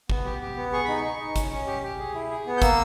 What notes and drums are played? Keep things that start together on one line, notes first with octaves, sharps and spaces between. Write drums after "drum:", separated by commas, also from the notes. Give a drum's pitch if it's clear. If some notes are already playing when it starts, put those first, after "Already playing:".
B3, drum: kick
G4
G4
B3
G#4 C#6
D#4 B5
C#6
D#4
D#4
C#4, drum: kick, hi-hat
C#4
G4
G4
G#4
E4
G#4
B3
G6
A#3 E6, drum: kick, hi-hat